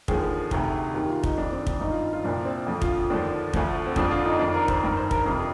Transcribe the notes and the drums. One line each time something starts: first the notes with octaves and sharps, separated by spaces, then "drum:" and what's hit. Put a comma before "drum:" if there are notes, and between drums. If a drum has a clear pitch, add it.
D#2 D3 F3 G#4, drum: kick
D2 C3 D#3, drum: kick
D#2 D#3 G4
F4
D#4, drum: kick
F2 D#3 D4
C4
D4, drum: kick
G2 D#3 D#4
F4
F4
C2 A#2 F3 D4
C4
F2 D3 F3
F4, drum: kick
D#2 D3 F3 D4
D2 D3 F3, drum: kick
C4
F2 D3 F3 D4, drum: kick
F4
D#4
F2 D#3 D4
A#4
C5, drum: kick
G2 D#3 A#4
C5
A#4, drum: kick
F2 C3 F3 D4